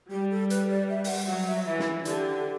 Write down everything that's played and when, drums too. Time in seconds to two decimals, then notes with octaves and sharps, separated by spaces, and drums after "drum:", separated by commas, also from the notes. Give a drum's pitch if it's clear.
0.11 G3 G4
0.31 A4
0.50 B4, drum: hi-hat
0.70 D5
0.89 E5
1.04 G5, drum: open hi-hat
1.08 F#5
1.27 F#3 F#5
1.47 E5
1.66 E3 E5
1.79 drum: snare
2.05 D3 G4, drum: hi-hat